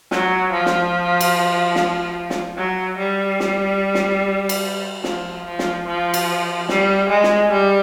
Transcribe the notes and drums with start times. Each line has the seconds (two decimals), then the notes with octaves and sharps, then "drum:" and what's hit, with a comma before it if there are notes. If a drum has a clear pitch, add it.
0.11 F#3, drum: snare
0.52 F3
0.66 drum: snare
1.21 drum: cymbal
1.75 drum: snare
2.30 drum: snare
2.57 F#3
2.98 G3
3.40 drum: snare
3.95 drum: snare
4.49 drum: cymbal
5.04 F3, drum: snare
5.46 F3
5.59 drum: snare
5.87 F3
6.14 drum: cymbal
6.69 G3, drum: snare
7.09 G#3
7.23 drum: snare
7.51 G3